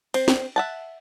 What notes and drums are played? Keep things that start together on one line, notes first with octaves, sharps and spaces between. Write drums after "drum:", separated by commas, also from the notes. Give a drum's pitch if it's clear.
C4, drum: cymbal
drum: snare
E5 F#5 A5